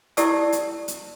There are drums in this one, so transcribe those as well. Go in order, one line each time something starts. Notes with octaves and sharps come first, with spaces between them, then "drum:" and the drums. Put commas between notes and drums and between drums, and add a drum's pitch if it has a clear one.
E4 G4 A4 D5 A5 E6, drum: hi-hat
drum: hi-hat
drum: hi-hat